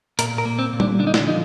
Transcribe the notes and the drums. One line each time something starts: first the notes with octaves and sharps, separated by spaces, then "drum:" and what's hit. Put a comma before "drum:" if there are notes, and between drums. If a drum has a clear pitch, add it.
A#2 A#4, drum: hi-hat
A#4
A#3
C4
A#2
D4, drum: tom G3
D3 D4
D#4
D4, drum: snare
F3 D#4